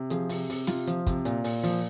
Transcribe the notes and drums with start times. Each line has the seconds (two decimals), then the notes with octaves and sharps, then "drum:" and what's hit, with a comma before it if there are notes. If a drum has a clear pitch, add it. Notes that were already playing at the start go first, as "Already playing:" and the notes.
Already playing: C3
0.10 F3 G#4, drum: hi-hat
0.29 C3, drum: open hi-hat
0.50 C3, drum: open hi-hat
0.67 C3 F4, drum: snare
0.87 F3, drum: hi-hat
1.07 C3, drum: kick, hi-hat
1.25 A#2, drum: hi-hat
1.44 A#2, drum: open hi-hat
1.63 F3, drum: open hi-hat